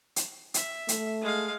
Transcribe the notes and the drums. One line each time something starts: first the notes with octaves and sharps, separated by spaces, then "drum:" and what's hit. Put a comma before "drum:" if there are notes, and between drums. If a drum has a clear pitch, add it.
drum: hi-hat
E5, drum: hi-hat
A3, drum: hi-hat
G#3 F5